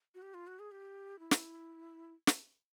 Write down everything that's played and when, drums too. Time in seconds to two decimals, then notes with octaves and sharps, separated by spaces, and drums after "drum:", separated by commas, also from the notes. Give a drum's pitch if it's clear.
0.15 F#4
0.22 G4
0.34 F4
0.47 F#4
0.59 G#4
0.71 G4
1.19 E4
1.31 drum: snare
2.27 drum: snare